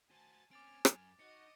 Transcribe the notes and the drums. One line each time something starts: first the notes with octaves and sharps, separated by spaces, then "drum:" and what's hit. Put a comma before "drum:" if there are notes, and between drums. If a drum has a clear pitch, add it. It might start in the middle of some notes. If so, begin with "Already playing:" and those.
F#4 C5 G#5 A5 A6
C4 C#4 G#5 D6 F6 A6 D7
F#2, drum: rim click
D#4 F#4 D#5 C#7